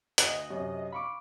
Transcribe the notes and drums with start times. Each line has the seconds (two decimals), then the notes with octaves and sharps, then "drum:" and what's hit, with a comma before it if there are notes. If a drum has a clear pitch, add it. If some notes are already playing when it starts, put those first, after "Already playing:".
0.18 D2 D#5 F#5 F#6, drum: hi-hat
0.50 F#2 C3
0.92 F5 B5 C#6 D6